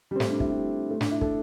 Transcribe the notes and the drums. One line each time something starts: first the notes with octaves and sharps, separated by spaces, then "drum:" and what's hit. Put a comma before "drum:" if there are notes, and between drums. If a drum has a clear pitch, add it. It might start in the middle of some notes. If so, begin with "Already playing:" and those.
G3
C4
A3, drum: snare
D4
E4, drum: kick
G3
A3
D4, drum: snare
E4
A4, drum: kick